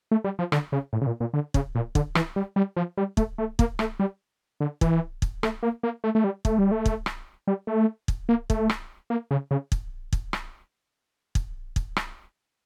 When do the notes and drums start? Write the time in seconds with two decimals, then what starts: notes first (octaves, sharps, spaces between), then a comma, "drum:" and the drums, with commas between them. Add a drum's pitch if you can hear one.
0.11 A3
0.24 G3
0.39 F3
0.52 D3, drum: rim click
0.72 C#3
0.93 A2
1.01 C#3
1.07 A#2
1.20 A#2
1.34 D3
1.54 C#3, drum: kick
1.75 A#2
1.95 D3, drum: kick
2.15 E3, drum: rim click
2.36 G3
2.56 G3
2.76 F3
2.97 G3
3.17 A3, drum: kick
3.38 A3
3.59 A#3, drum: kick
3.79 A3, drum: rim click
3.99 G3
4.60 D3
4.81 E3, drum: kick
5.22 drum: kick
5.43 A3, drum: rim click
5.63 A#3
5.83 A#3
6.04 A3
6.15 A3
6.24 G3
6.45 A3, drum: kick
6.58 G3
6.71 A3
6.86 drum: kick
7.06 drum: rim click
7.47 G3
7.67 A3
8.08 drum: kick
8.29 A#3
8.50 A3, drum: kick
8.69 drum: rim click
9.10 A#3
9.31 C#3
9.51 C#3
9.72 drum: kick
10.13 drum: kick
10.33 drum: rim click
11.35 drum: kick
11.76 drum: kick
11.96 drum: rim click